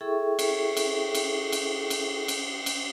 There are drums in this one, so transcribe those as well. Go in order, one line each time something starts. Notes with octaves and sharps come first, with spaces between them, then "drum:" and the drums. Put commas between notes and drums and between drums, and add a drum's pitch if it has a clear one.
E4 G#4 A4 E5 G5 C#6
drum: cymbal
drum: cymbal
drum: cymbal
drum: cymbal
drum: cymbal
drum: cymbal
drum: cymbal